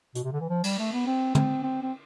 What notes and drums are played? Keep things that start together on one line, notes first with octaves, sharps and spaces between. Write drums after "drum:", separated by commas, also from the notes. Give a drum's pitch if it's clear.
B2, drum: hi-hat
C3
D3
E3
F3
G3, drum: cymbal
A3
B3
C4
C4, drum: tom
C4
C4